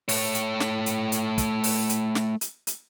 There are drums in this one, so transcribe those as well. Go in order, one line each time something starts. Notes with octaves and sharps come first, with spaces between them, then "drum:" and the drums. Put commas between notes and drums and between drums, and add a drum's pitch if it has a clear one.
A3 C#5, drum: open hi-hat
drum: hi-hat
drum: snare
drum: hi-hat
drum: hi-hat
drum: kick, hi-hat
drum: open hi-hat
drum: hi-hat
drum: snare
drum: hi-hat
drum: hi-hat